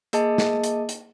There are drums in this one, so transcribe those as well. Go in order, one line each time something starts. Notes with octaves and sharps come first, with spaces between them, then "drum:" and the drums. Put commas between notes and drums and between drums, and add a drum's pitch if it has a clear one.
A#3 G#4 D#5 A5, drum: hi-hat
drum: snare
drum: hi-hat
drum: hi-hat